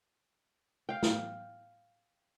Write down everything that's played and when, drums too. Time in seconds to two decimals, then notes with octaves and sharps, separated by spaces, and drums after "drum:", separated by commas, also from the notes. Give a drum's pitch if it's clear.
0.89 F5 G5
1.03 drum: snare